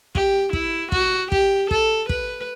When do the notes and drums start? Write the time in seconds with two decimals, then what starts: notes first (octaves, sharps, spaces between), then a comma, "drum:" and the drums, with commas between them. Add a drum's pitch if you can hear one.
0.15 G4, drum: kick
0.53 E4, drum: kick
0.92 F#4, drum: kick
1.32 G4, drum: kick
1.71 A4, drum: kick
2.09 B4, drum: kick